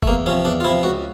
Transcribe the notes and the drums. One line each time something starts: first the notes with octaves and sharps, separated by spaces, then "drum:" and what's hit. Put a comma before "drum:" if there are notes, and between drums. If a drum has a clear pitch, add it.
A3, drum: kick
E2 A#3
C3 F3 C#4
E2 D4
F4
C3 F3 E4
C#2 F#4